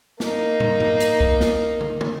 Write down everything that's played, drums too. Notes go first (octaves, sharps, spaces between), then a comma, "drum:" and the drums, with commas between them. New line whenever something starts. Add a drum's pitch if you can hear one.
A#3 D#4, drum: snare
drum: tom
drum: tom
drum: hi-hat
drum: kick C2
drum: snare
drum: tom
drum: tom